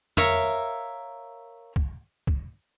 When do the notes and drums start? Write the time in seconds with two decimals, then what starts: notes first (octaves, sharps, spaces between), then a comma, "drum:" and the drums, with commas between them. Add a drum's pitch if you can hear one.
0.17 A#4 C#5 E5 F5, drum: tom F2
1.76 drum: kick
2.27 drum: kick